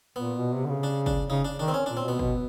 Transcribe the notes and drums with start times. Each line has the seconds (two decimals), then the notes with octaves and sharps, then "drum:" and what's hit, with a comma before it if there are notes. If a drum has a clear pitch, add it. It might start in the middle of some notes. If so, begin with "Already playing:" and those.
0.16 A#2 B3
0.38 B2
0.54 C3
0.65 D3
0.69 C#3
0.83 D4
1.06 D4, drum: kick
1.29 C#3 D#4
1.45 D4
1.59 D#3 D4
1.68 C4
1.74 C#4
1.86 A#2 D4
1.97 C4
2.04 B2 B3
2.19 B2, drum: kick